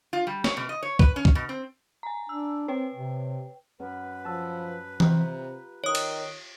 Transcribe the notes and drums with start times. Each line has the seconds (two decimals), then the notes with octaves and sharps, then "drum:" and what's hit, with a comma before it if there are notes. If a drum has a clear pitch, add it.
0.13 F4
0.27 G3
0.44 C#5, drum: snare
0.57 B2
0.69 D#5
0.83 C#5
0.99 B4, drum: kick
1.16 C#4
1.25 drum: kick
1.35 B2
1.49 C4
2.03 G#5 A#5
2.29 D4 E6
2.68 C4 B4 C#5 G5
2.94 C3
3.79 F#2 B4
4.25 F3 A5 E6
5.00 C3 F4 G4 A#5, drum: tom E3
5.84 D#3 C#5 D#6
5.95 drum: cymbal